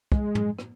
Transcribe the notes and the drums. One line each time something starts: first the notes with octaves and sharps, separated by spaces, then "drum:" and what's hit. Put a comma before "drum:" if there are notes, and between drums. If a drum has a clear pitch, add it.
G#3, drum: kick
drum: tom
drum: rim click